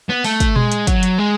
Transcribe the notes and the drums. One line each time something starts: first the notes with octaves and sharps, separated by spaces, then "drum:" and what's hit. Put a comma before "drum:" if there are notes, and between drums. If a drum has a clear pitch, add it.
B3
A3, drum: open hi-hat
drum: kick, hi-hat
G#3, drum: tom A#2
drum: hi-hat
F#3, drum: kick, hi-hat
drum: hi-hat
G#3